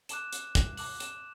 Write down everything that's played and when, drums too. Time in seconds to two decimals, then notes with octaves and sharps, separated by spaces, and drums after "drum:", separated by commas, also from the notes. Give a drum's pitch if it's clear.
0.09 A5 D6 F#6 E7, drum: hi-hat
0.33 drum: hi-hat
0.55 drum: kick, hi-hat
0.77 A5 D6 F#6 F#7, drum: open hi-hat
1.00 E7, drum: hi-hat